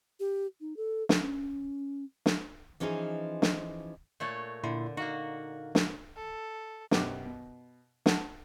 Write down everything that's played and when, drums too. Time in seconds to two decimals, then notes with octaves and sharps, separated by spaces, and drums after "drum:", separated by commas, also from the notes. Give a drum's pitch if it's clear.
0.20 G4
0.61 D#4
0.77 A4
1.09 drum: snare
1.20 C#4
2.26 drum: snare
2.80 E3 F3 C#4 D#4 G#4
3.42 drum: snare
4.20 A#2 A3 C#5
4.64 A#2 D3 E4 C6
4.97 A#3 D#4 F#4 F5
5.75 drum: snare
6.16 A4
6.91 B1 F#2 B3 G4 D6, drum: snare
7.25 B2
8.06 F#5 A5, drum: snare